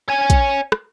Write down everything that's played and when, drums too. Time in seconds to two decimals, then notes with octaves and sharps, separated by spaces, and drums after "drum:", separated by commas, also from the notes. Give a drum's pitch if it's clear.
0.09 C#5 G#5
0.30 drum: kick, hi-hat
0.72 drum: rim click